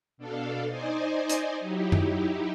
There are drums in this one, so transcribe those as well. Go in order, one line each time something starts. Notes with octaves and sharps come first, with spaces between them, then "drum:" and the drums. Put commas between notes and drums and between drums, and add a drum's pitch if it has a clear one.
B2 D4 A4 F5
D#4 C5 D5 D#5 G#5
drum: hi-hat
F#3 D#4 E4 G4
drum: tom F#2